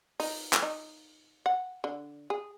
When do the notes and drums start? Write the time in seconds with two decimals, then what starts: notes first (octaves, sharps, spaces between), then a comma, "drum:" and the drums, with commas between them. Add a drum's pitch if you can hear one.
0.20 D#4, drum: open hi-hat
0.53 drum: clap
0.62 D#4
1.46 F#5
1.84 D3
2.30 G#4